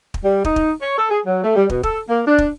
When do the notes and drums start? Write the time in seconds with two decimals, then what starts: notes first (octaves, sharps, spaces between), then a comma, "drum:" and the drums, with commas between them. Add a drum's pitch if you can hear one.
0.14 drum: kick
0.24 G3
0.45 D#4, drum: kick
0.56 drum: kick
0.82 C#5
0.97 A4
1.11 G#4
1.26 F#3
1.43 A3
1.55 G3
1.70 B2, drum: kick
1.83 A4, drum: kick
2.08 A#3
2.27 D4
2.38 drum: kick